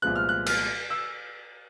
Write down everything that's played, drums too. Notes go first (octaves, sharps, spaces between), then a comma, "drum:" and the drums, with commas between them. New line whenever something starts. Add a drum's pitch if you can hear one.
C2 A#2 F3 G#3 B3 F#6
F6
F#6
F6, drum: cymbal
E6